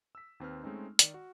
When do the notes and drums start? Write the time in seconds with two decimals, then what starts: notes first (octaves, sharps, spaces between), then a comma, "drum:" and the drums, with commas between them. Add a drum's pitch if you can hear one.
0.15 E6 B6
0.40 D#2 C4 B4 F6
0.63 G#3 A3 C4 C#4 D#4
0.99 D#3 D5, drum: hi-hat
1.14 F#4